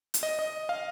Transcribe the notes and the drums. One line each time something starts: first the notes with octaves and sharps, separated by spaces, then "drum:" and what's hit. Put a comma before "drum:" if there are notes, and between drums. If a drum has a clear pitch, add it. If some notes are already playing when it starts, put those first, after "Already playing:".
drum: hi-hat
D#5
D#5
F5